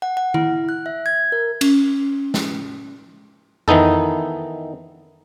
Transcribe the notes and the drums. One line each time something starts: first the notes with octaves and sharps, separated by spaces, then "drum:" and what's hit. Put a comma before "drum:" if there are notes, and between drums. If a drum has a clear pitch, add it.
F#5
F#5
E4, drum: tom D#3
F#6
E5
G#6
A#4
C#4, drum: cymbal
drum: snare
D#3 E3 B3 D#4 A4, drum: tom F2